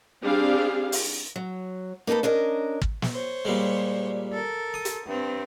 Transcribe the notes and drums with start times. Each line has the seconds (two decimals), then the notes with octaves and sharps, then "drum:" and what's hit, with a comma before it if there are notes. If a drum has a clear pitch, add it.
0.22 G3 C4 D4 G4 G#4 F5
0.92 drum: open hi-hat
1.36 F#3
2.07 A#3 D#4 G#4 A4 B4
2.23 C#4 D4 A#4 D#5
2.82 drum: kick
3.02 drum: snare
3.12 C5 C#5
3.45 A#2 G3 G#3
4.32 A4 A#4
4.74 D#6
4.85 drum: hi-hat
5.06 G2 C4